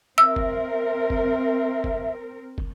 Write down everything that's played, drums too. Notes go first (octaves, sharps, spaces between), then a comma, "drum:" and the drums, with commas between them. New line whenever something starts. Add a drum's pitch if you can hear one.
C4 A#4 E5 E6
drum: kick
drum: kick
drum: kick
drum: kick